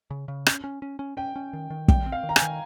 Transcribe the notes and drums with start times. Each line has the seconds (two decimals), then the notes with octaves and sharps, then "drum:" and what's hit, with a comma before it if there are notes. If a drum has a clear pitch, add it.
0.11 C#3
0.28 C#3
0.46 C#4, drum: rim click
0.64 C#4
0.82 C#4
0.99 C#4
1.17 C#4 G5
1.36 C#4
1.53 D#3
1.70 D#3
1.88 G3 G5, drum: kick
2.06 C4
2.12 F5
2.23 D#3
2.29 A#5
2.36 G#5, drum: rim click
2.42 D#3